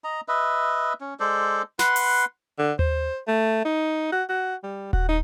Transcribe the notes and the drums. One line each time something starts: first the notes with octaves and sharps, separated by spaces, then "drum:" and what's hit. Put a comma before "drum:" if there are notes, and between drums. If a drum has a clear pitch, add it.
D#5 A#5
B4 D#5 E5
C#4
G#3 A4 C5 D5
B4 F#5 C6, drum: snare
drum: open hi-hat
D3
C5, drum: tom D#2
A3
D#4
F#4
F#4
G3
F#4, drum: kick D#1
D#4